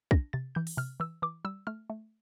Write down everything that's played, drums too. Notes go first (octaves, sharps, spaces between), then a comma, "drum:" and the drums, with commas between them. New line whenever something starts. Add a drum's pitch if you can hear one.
D4 A#6, drum: kick
C3 A6
E3 G6
drum: open hi-hat
C3 F6
E3 E6
E3 D6
G3 E6
A3 F6
A3